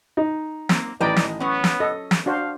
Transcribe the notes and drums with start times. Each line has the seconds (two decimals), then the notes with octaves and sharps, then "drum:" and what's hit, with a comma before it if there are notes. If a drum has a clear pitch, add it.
0.17 D#4
0.69 F#3 A#3 C4, drum: snare
1.01 A1 D#3 B4 D5 D#5 G5 A#5
1.16 drum: snare
1.40 F#3 B3 C#4
1.64 drum: snare
1.80 A4 D#5
2.11 drum: snare
2.26 D4 F#4 C5 F5